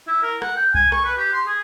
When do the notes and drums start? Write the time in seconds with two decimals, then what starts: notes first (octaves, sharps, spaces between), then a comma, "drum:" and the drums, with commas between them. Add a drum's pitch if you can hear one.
0.07 E4
0.23 A#4
0.42 F#5, drum: rim click
0.57 G5
0.74 G#5, drum: kick C2
0.92 C#6, drum: rim click
1.05 B4
1.18 G4
1.33 C6
1.47 G#4